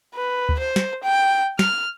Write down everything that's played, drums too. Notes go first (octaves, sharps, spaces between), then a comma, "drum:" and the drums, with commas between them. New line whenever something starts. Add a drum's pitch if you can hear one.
B4
drum: kick D2
C5
drum: snare
G5
F6, drum: snare